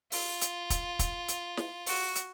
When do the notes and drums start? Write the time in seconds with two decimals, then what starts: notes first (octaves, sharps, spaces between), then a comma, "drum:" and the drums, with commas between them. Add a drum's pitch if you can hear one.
0.12 F4, drum: open hi-hat
0.41 drum: hi-hat
0.70 drum: kick, hi-hat
0.99 drum: kick, hi-hat
1.28 drum: hi-hat
1.57 drum: snare
1.86 F#4, drum: open hi-hat
2.15 drum: hi-hat